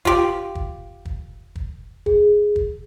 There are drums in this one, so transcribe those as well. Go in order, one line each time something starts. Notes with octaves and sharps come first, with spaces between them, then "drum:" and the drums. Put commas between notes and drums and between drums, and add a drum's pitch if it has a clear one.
F4 G4, drum: kick
drum: kick
drum: kick
drum: kick
G#4, drum: kick
drum: kick